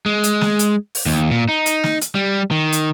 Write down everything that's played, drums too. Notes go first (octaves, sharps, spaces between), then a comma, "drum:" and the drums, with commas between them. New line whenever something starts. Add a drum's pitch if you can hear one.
G#3
drum: hi-hat
drum: snare
drum: hi-hat
drum: open hi-hat
D#2
A#2
D#4
drum: hi-hat
drum: snare
drum: hi-hat
G3
D#3
drum: hi-hat